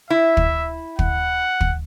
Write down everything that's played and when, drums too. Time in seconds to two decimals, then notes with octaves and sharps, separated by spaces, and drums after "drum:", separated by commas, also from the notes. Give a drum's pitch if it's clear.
0.10 E4 E5
0.37 drum: kick
0.99 F#5, drum: kick
1.61 drum: kick